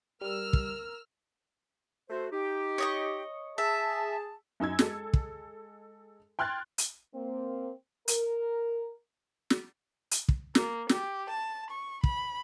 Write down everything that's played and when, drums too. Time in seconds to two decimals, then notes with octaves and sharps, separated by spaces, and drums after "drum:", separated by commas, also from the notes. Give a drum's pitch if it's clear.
0.21 G3 A#4 E6 F6
0.53 drum: kick
2.10 A3 F#4 C5
2.32 D#4 G4
2.78 C#5 D#5 C#6
3.58 G#4 E5 A5
4.60 F#2 D#4 E6 G#6
4.79 G#3 A4, drum: snare
5.13 drum: kick
6.39 G5 C6 F6 F#6 G#6 A6
6.78 drum: hi-hat
7.14 A#3 C4
8.08 A#4, drum: hi-hat
9.50 drum: snare
10.11 drum: hi-hat
10.29 drum: kick
10.55 A#3, drum: snare
10.89 G4, drum: snare
11.30 A5
11.70 C#6
12.04 B5, drum: kick